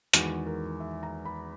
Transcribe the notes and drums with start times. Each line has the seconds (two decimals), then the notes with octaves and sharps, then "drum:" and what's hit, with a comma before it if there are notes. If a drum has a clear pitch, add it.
0.13 E2 D#3 G#3 F#4, drum: hi-hat
0.47 A#4
0.80 E5
1.03 A#5
1.25 B5